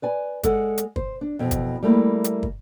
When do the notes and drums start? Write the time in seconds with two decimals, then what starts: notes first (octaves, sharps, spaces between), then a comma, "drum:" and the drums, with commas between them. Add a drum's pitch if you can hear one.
0.02 B4 D5 G#5
0.43 G#3 A4 F#5, drum: kick, hi-hat
0.78 drum: hi-hat
0.96 C5, drum: kick
1.21 D4
1.39 F2 B2 E3
1.51 drum: kick, hi-hat
1.83 G3 A3 A#3 E4
2.24 drum: hi-hat
2.43 drum: kick